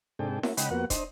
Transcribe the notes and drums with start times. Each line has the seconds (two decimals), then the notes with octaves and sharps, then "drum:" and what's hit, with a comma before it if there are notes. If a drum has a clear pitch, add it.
0.19 G#2 C3 D4 G#4 A4 G5
0.43 A#3 C#4 E4 F#4, drum: snare E4
0.57 C#3 G#3 D#5 F#5 G5 B5, drum: hi-hat
0.70 F2 A#3 B3 F#4 F#5
0.90 D4 C5 D#5, drum: kick, hi-hat